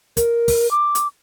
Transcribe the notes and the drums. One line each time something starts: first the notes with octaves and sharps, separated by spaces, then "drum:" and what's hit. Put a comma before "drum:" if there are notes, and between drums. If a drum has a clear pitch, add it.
A#4, drum: kick, hi-hat
drum: kick, open hi-hat
D6
drum: hi-hat